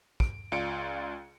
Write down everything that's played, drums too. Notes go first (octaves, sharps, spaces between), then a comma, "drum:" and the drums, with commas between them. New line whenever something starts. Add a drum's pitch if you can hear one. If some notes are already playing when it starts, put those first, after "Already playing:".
D7, drum: kick
C#2 F4 D5 C#7 D7